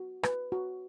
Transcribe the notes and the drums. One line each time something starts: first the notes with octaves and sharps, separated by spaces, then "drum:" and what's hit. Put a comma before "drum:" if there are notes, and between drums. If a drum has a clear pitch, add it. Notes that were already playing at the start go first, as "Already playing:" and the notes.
Already playing: F#4
B4, drum: rim click
F#4